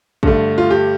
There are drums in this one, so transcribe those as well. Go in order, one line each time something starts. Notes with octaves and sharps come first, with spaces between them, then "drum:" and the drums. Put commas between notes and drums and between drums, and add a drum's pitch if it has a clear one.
G2 D3 A3, drum: kick
F4
G4